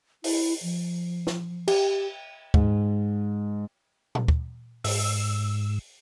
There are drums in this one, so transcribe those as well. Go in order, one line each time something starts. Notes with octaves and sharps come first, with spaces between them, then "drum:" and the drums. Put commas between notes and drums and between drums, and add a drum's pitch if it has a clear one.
E4, drum: open hi-hat
F3
drum: snare
G4, drum: cymbal
G#2, drum: kick
drum: tom A#2
drum: kick
G#2 E6, drum: open hi-hat